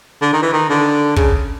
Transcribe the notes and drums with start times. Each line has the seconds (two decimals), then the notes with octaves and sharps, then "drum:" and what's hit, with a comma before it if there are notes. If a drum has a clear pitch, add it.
0.22 D3
0.33 D#3
0.42 E3
0.53 D#3
0.69 D3
1.16 C#3, drum: kick